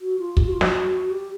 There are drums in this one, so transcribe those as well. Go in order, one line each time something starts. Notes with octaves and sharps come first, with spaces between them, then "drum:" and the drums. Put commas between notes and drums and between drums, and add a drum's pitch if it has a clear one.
F#4
F4
G4, drum: kick
F#4
F4
F#4, drum: snare
G4